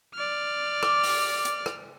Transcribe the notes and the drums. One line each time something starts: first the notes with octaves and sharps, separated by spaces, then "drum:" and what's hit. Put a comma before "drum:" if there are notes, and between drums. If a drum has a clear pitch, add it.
D5 F6
D6, drum: rim click
drum: open hi-hat
drum: hi-hat
drum: rim click